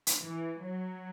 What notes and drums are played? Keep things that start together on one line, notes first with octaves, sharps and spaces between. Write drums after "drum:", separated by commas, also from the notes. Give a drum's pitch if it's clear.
drum: hi-hat
E3
F#3